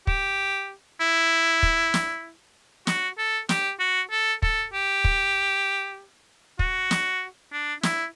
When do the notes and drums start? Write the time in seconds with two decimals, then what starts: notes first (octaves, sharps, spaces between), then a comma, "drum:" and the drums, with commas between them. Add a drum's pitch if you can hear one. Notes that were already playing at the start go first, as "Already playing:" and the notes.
0.07 G4, drum: kick
1.00 E4
1.63 drum: kick
1.94 drum: snare
2.87 F#4, drum: snare
3.18 A4
3.49 G4, drum: snare
3.80 F#4
4.11 A4
4.42 A4, drum: kick
4.73 G4
5.04 drum: kick
6.59 F#4, drum: kick
6.91 drum: snare
7.52 D4
7.83 E4, drum: snare